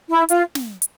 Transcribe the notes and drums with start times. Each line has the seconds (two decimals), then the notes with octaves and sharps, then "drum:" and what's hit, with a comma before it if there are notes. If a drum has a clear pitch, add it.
0.09 E4
0.29 F4, drum: hi-hat
0.55 drum: snare
0.82 drum: hi-hat